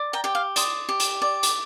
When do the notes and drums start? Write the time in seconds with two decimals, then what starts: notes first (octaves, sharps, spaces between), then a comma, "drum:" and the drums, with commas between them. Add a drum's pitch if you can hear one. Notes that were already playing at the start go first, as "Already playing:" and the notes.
Already playing: D5
0.13 G5 A#5
0.24 G4 G5
0.35 F5
0.56 D5 C6 D#6, drum: hi-hat
0.89 G4
1.00 drum: hi-hat
1.22 D5
1.43 drum: hi-hat